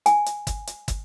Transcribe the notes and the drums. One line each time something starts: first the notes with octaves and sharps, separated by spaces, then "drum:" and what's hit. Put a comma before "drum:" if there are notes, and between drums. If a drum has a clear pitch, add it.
G#5, drum: hi-hat
drum: hi-hat
drum: kick, hi-hat
drum: hi-hat
drum: kick, hi-hat